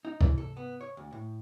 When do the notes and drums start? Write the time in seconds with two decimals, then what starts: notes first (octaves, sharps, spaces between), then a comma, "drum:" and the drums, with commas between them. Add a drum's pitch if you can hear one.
0.05 D#4
0.21 E3, drum: kick
0.38 A4
0.57 B3
0.81 C#5
0.97 D2
1.12 A2